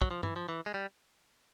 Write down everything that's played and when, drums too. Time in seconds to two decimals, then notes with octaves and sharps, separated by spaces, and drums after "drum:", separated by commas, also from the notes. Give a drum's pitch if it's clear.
0.02 F#3, drum: kick
0.11 F3
0.23 E3, drum: tom G2
0.36 F3
0.49 E3
0.66 G#3
0.74 G3